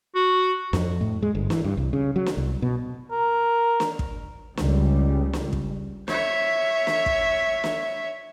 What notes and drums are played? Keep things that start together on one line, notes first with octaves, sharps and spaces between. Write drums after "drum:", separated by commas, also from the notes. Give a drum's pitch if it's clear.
F#4
F2, drum: snare
A2
G#3
G1
E3, drum: snare
G2
C2
C#3
F#3
drum: snare
C2
B2
A#4
drum: snare
drum: kick
C#2 G3, drum: snare
drum: snare
drum: kick
C#5 E5, drum: snare
drum: snare
drum: kick
drum: snare